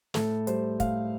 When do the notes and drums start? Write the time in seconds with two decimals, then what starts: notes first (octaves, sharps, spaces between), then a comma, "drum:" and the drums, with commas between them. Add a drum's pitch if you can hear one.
0.14 A2 A4, drum: snare
0.47 G3 C5, drum: hi-hat
0.80 A2 F5, drum: kick, hi-hat